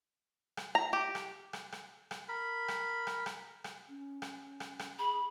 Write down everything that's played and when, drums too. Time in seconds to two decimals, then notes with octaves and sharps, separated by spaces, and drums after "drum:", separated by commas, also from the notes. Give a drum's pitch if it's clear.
0.57 drum: rim click
0.75 A#5
0.93 G4
1.15 drum: rim click
1.53 drum: rim click
1.72 drum: rim click
2.11 drum: rim click
2.29 A#4 B5
2.68 drum: rim click
3.07 drum: rim click
3.26 drum: rim click
3.64 drum: rim click
3.89 C#4
4.22 drum: rim click
4.60 drum: rim click
4.79 drum: rim click
4.99 G#4 B5